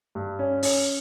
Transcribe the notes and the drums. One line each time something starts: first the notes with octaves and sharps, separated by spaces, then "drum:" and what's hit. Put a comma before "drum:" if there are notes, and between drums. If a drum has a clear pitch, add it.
G2
C#4
C#4, drum: open hi-hat